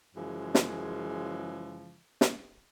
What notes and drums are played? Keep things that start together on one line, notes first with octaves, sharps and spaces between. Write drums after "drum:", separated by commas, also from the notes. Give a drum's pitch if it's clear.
F#2 C#3 E3 F3 G#3
drum: snare
drum: snare